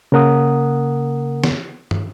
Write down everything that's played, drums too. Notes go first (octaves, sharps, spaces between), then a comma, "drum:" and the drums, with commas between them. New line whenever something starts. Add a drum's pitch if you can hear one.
C#3 A#3 A#4 F#5 D#6
drum: snare
drum: tom